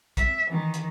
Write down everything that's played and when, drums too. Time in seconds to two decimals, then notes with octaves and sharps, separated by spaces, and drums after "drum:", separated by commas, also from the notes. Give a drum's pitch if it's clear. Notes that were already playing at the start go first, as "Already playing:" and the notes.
0.17 E5, drum: kick, hi-hat
0.50 D#3 E3
0.74 drum: hi-hat